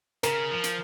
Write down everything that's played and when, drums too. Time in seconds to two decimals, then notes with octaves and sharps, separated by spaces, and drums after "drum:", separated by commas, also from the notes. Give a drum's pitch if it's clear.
0.23 C#3 A#4, drum: hi-hat
0.51 F3
0.64 drum: hi-hat